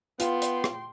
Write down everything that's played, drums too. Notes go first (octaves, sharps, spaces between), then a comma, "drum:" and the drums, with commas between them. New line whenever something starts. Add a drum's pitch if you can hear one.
B3 F4 G5 C6, drum: hi-hat
drum: hi-hat
drum: rim click